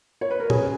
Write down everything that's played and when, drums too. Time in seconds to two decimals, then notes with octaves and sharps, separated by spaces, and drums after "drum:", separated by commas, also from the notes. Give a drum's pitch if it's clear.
0.21 C#5
0.31 B4
0.40 A#4
0.50 C#4 G#4, drum: tom A#2